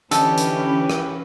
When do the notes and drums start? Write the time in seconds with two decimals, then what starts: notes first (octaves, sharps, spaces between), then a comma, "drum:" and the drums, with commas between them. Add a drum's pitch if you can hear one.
0.11 D3 E3 C#4 G4 A4 B4 D#5, drum: hi-hat
0.37 drum: hi-hat
0.90 drum: rim click